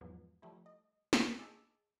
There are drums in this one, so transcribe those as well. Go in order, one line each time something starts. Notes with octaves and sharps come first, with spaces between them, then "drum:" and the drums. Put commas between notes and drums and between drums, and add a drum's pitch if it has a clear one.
E2 G#2 F3 F#3 G#3 B3
F3 G3 A3 E4
D#5
drum: snare
G#4 D#5 A5 D6 E6